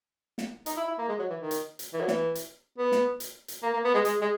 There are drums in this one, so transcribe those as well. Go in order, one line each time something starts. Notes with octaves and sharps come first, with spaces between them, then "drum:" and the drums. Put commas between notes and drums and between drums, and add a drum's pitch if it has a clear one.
drum: snare
D#4, drum: hi-hat
E4
E4
A#3
G#3
F#3
E3
D#3
drum: hi-hat
drum: hi-hat
E3
F#3
E3, drum: snare
drum: hi-hat
B3
drum: snare
drum: hi-hat
drum: hi-hat
A#3
A#3
B3
G#3
G#3, drum: hi-hat
G#3